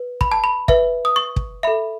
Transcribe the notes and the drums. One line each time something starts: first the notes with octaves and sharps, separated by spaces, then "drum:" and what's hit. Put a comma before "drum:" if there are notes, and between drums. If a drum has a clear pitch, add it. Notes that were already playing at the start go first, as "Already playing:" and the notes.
Already playing: B4
B5, drum: kick
A5
B5
B4 E5, drum: kick
D#6
C#6
drum: kick
A4 E5 B5